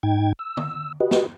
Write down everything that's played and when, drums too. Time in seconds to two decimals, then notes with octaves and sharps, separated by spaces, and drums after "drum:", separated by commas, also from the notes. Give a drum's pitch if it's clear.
0.03 G#2 D#4 G5 G#6
0.39 E6
0.57 drum: tom D3
1.00 F#4 G4 B4 D#5
1.11 drum: snare